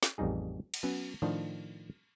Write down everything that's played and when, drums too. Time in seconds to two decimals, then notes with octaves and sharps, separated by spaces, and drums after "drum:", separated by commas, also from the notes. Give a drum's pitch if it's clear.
0.03 drum: snare
0.18 A1 F2 G3 D#4 G#4
0.74 drum: cymbal
0.83 F#3 B3 C#4
1.22 A2 D#3 F3 D4